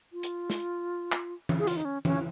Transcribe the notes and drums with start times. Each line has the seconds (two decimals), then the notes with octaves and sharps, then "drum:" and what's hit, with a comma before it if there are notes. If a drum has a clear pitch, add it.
0.13 F4
0.23 drum: hi-hat
0.50 drum: snare
1.12 drum: clap
1.49 drum: tom E3
1.59 G#4
1.67 F4, drum: hi-hat
1.76 D#4
1.85 C#4
2.05 C#4, drum: tom E3